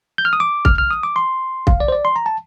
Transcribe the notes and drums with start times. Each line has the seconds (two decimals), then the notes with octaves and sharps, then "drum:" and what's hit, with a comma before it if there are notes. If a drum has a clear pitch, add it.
0.18 G6
0.25 F6
0.33 D#6
0.40 D6
0.65 F6, drum: kick
0.78 F6
0.91 D#6
1.03 D6
1.16 C6
1.67 F5, drum: kick
1.80 D5
1.88 C5
1.92 D5
2.05 C6
2.16 A#5
2.26 A5